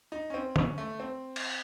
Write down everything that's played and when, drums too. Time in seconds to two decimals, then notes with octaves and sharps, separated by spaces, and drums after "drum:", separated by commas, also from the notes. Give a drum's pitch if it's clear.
0.12 D#4
0.30 C#4
0.34 C4
0.56 C#4, drum: tom
0.78 A3
1.00 C4
1.36 drum: cymbal